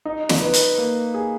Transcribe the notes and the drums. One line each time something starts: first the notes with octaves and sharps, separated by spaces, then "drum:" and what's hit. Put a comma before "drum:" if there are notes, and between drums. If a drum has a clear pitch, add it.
D#4
drum: snare
B4
drum: hi-hat
A#3
G#4